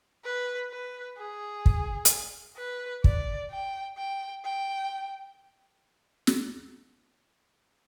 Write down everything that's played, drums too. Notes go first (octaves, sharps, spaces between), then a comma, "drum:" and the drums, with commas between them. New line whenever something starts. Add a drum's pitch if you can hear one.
B4
B4
G#4
drum: kick
drum: hi-hat
B4
D5, drum: kick
G5
G5
G5
drum: snare